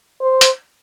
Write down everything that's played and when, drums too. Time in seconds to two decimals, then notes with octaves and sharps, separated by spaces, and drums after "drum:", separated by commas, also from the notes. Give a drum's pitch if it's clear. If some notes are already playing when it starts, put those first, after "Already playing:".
0.21 C5
0.41 drum: hi-hat